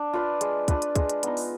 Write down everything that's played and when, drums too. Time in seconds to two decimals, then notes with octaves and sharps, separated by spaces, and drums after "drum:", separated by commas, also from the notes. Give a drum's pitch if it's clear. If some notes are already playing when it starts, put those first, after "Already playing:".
Already playing: D4
0.13 F4 B4 D5
0.41 G#3, drum: hi-hat
0.68 D4 F4 B4, drum: kick, hi-hat
0.82 drum: hi-hat
0.95 G#3, drum: kick, hi-hat
1.09 drum: hi-hat
1.23 B3 D#4, drum: hi-hat
1.37 drum: open hi-hat